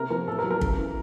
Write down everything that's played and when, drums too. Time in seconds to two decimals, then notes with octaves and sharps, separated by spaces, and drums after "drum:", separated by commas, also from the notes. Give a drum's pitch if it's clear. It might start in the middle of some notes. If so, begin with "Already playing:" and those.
Already playing: C3 A#4
0.10 F3 A#4
0.27 A2 A4
0.39 A#4
0.44 F#3
0.51 A#4
0.61 C#3, drum: kick
0.79 E3